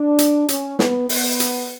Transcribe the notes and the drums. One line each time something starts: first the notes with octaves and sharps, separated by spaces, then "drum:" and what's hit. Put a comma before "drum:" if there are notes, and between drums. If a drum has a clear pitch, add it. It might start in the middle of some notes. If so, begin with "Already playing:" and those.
Already playing: D4
drum: hi-hat
C#4, drum: hi-hat
B3, drum: snare
B3, drum: open hi-hat
drum: hi-hat